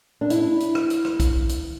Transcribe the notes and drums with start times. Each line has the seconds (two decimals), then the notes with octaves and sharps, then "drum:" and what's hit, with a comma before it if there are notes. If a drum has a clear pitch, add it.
0.21 D4
0.30 E4, drum: hi-hat
0.60 drum: hi-hat
0.75 drum: rim click
0.90 drum: hi-hat
1.05 drum: rim click
1.20 drum: kick B1, hi-hat
1.49 drum: hi-hat